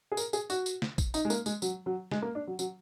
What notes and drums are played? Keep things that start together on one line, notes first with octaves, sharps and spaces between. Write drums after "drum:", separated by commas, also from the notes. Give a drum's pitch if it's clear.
G#4
A#4, drum: tambourine
G#4, drum: tambourine
F#4, drum: tambourine
drum: tambourine
drum: snare
drum: kick, tambourine
D#4, drum: tambourine
G#3
A#3, drum: tambourine
G#3, drum: tambourine
F#3, drum: tambourine
F#3
G#3, drum: snare
A#3
D4
F#3
F#3, drum: tambourine